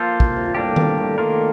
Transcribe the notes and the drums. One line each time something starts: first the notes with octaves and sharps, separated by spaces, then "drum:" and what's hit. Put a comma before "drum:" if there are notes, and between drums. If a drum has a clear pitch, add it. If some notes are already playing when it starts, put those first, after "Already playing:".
Already playing: F3 A#3 F4 A4 C5
drum: kick
C3
A#2
A2 G3 A#3 D4 G4
G2, drum: tom D#3
A2
A2 D#3 A#3 D4 F4 A#4